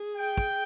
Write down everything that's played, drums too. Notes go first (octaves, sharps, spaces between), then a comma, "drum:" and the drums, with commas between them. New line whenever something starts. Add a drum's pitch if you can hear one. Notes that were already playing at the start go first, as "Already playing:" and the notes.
Already playing: G#4
G5
drum: kick